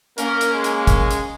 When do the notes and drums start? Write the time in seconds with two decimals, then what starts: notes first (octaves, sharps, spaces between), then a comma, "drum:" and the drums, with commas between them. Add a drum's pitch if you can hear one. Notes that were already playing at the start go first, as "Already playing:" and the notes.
0.18 A#3 C#4 A#4, drum: hi-hat
0.41 drum: hi-hat
0.54 G#3
0.64 drum: hi-hat
0.87 drum: kick, hi-hat
1.11 drum: hi-hat